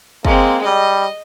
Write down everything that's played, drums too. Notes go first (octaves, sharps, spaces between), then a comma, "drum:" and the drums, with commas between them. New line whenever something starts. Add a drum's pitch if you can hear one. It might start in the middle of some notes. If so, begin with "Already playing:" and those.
G#3 A#3 C4, drum: kick
G3 D#5